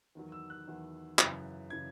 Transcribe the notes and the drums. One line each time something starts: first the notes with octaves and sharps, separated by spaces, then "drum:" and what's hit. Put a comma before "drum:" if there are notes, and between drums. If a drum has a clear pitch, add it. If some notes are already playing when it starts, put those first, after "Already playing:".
E2 D#3 F#3
E6
F#6
E2 D#3 F#3
F#2 C#3 E3, drum: clap
C#3 E3 G#6